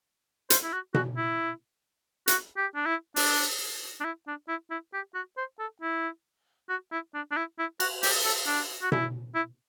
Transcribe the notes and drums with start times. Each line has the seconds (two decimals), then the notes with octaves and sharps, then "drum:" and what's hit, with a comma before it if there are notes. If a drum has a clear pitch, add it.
0.50 C5, drum: hi-hat
0.63 E4
0.73 F#4
0.94 F#4, drum: tom B2
1.17 E4
2.28 F#4, drum: hi-hat
2.57 G4
2.75 D4
2.86 E4
3.16 D4, drum: open hi-hat
4.01 D4
4.05 E4
4.27 D4
4.48 E4
4.71 E4
4.94 G4
5.15 F#4
5.37 C5
5.59 A4
5.82 E4
6.69 F#4
6.92 E4
7.14 D4
7.31 D4
7.37 E4
7.59 E4
7.80 F#4, drum: cymbal
8.03 G4, drum: open hi-hat
8.25 A4
8.47 D4
8.82 F#4
8.92 E4, drum: tom B2
9.35 E4